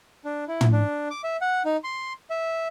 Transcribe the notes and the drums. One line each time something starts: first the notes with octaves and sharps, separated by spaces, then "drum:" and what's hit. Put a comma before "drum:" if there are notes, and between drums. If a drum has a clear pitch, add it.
D4
E4
drum: tom
D4
D6
E5
F#5
D#4
C6
E5